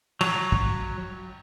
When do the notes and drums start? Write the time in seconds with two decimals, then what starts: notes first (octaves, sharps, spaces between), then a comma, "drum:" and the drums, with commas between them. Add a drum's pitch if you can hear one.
0.21 F#3, drum: cymbal
0.52 drum: kick